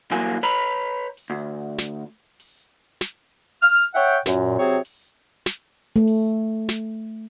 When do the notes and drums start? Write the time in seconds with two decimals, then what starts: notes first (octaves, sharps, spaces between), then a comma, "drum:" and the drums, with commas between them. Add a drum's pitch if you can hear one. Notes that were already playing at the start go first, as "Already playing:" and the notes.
0.11 C2 E3 F#3 A#3 G#5
0.43 B4 C#5 A#5 B5
1.17 drum: open hi-hat
1.30 D2
1.78 drum: snare
2.40 drum: open hi-hat
3.01 drum: snare
3.62 F6, drum: open hi-hat
3.94 C#5 E5 F#5 G5
4.26 F#2 A#2, drum: snare
4.59 C3 F#3 C4 G#4 C#5
4.85 drum: open hi-hat
5.46 drum: snare
5.96 A3
6.07 drum: open hi-hat
6.69 drum: snare